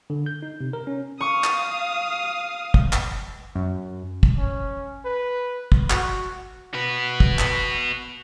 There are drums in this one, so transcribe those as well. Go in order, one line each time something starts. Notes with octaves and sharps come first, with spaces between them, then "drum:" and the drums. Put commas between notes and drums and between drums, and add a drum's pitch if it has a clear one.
D3
G6
D#4
C3
A#4
C#4
F5 C#6 D#6
drum: clap
drum: kick
drum: clap
F#2
drum: kick
C#4
B4
drum: kick
F#4, drum: clap
F#4 B4
drum: kick
drum: clap